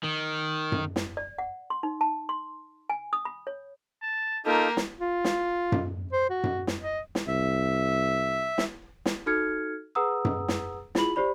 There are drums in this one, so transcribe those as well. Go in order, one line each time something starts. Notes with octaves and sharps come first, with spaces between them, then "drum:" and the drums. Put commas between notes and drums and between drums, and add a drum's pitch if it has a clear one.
D#3
drum: tom F#2
drum: snare
D5
F#5
C6
D#4
A5
C6
G#5
D#6
B5
C#5
A5
A#3 D#4 F4 G4 A4
drum: snare
F4
drum: snare
drum: tom F#2
C5
F#4
drum: tom F#2
drum: snare
D#5
drum: snare
C2 E5
drum: snare
drum: snare
D#4 F#4 A4 F6 G#6 C#7
G#4 B4 F#5 A#5 D#6 E6
drum: tom F#2
drum: snare
E4 F4 G#4 B5 F#7, drum: snare
G4 C5 D5 B5